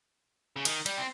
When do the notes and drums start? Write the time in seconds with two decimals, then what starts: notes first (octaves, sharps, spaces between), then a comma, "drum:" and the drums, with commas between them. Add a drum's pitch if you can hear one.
0.56 C#3
0.65 D#3, drum: cymbal
0.86 G3, drum: cymbal
0.98 C4